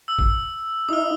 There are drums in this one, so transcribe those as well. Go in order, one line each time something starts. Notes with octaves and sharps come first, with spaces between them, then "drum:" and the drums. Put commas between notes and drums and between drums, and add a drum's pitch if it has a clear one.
E6
drum: kick G#1
D#4 E4 D#6 F6